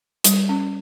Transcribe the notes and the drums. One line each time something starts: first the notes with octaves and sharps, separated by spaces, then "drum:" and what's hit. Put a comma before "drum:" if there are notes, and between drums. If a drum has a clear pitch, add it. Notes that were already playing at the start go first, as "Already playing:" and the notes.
G3, drum: hi-hat
C#4